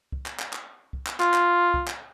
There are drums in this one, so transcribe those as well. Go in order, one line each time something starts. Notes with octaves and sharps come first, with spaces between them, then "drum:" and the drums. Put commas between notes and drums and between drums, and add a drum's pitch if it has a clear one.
drum: kick
drum: clap
drum: clap
drum: clap
drum: kick
drum: clap
F4, drum: clap
drum: clap
drum: kick
drum: clap